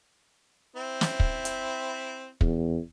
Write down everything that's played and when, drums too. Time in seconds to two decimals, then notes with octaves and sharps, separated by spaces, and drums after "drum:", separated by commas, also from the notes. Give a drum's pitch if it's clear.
0.76 C4 E4
1.01 drum: snare
1.20 drum: kick
1.45 drum: hi-hat
2.41 E2, drum: kick